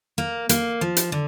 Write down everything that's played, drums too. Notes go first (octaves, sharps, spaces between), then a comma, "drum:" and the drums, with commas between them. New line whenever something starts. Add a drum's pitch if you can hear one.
A#3
A#3, drum: hi-hat
F3
drum: hi-hat
D3